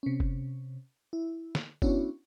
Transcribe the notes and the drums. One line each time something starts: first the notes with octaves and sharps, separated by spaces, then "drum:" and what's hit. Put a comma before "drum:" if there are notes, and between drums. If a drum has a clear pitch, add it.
C3 C#4
drum: kick F#1
E4
drum: snare
B3 C#4 D4 E4 F#4 C#5, drum: kick F#1